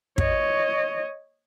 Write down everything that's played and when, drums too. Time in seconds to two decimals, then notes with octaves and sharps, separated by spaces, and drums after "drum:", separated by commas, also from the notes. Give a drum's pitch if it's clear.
0.18 C#5 D#5, drum: kick